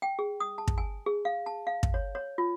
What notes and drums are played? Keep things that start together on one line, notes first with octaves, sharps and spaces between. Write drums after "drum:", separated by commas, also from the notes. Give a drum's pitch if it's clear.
G5
G#4
D#6
A5
drum: kick
G#5
G#4
F5
A5
F5
drum: kick
C#5
C#5
F4